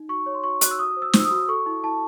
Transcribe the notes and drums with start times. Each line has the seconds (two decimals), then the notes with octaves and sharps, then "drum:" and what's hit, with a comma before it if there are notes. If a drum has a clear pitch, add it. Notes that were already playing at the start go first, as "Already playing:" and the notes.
Already playing: D#4
0.09 F#4 C#6
0.26 C#5
0.34 C6
0.44 F#4 C#6
0.61 F#4 F#6, drum: hi-hat
0.71 E6
0.79 F#4 D#6
0.97 C5
1.02 E6
1.13 C5, drum: snare
1.20 E6
1.25 D#6
1.31 F#4
1.48 A4 C#6
1.66 E4
1.84 E4 A5